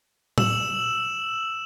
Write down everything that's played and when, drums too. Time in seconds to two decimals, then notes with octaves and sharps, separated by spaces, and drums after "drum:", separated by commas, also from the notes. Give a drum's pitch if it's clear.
0.38 E6 E7 F#7, drum: tom A2